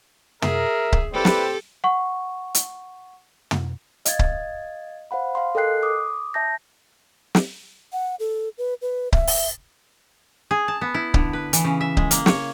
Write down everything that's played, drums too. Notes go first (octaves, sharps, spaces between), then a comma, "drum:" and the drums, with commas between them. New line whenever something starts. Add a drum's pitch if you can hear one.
G#4 A#4 E5, drum: tom
drum: kick C#1
C4 E4 G4 A4 B4 D5
drum: snare
F#5 C#6
drum: hi-hat
drum: tom
D#5 F5 G#6 A6, drum: hi-hat
drum: kick C#1
C5 F5 F#5 B5
F5 C6
A4 A#4 D#5 G5 F#6 C7
D6 D#6
E5 A5 G6 A#6
drum: snare
F#5
A4
B4
B4
E5, drum: kick C#1
drum: open hi-hat
G#4
A5
B3
E4
D3, drum: kick C#1
B4
E3, drum: hi-hat
C#3
E5
G#3, drum: kick C#1
A#3, drum: hi-hat
C#5, drum: snare